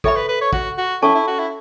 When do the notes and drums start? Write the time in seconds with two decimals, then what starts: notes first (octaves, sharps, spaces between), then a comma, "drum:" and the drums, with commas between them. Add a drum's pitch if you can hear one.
0.04 A4 C#5 E5 B5, drum: kick
0.16 B4
0.28 B4
0.41 C#5
0.53 F#4, drum: kick
0.78 F#4
1.02 C#4 E4 A4 C#5 A5 C#6
1.15 E4
1.27 F#4
1.39 E4